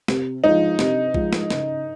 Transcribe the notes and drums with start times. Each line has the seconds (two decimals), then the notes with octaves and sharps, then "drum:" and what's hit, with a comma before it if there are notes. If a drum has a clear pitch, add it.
0.08 C3, drum: snare
0.44 F3 G#3 D#4
0.79 C3, drum: snare
1.14 F3 G#3, drum: kick A#1
1.33 drum: snare
1.50 C#3, drum: snare